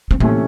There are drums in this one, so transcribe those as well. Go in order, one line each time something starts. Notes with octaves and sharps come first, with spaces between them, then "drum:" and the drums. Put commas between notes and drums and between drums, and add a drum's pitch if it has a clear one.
C4
C3 E3 A3 A#3 C#4, drum: tom A2